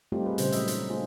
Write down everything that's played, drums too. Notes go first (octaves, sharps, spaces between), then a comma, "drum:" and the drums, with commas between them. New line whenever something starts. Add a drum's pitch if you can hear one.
G3 A3 C4 D#4 F4 G4
G#4 B4
A#2 C#3 G3 C5, drum: hi-hat
E3 F#3 A3 D#5 E5, drum: hi-hat
D#4, drum: hi-hat
A3 D4 F4 G#4 C5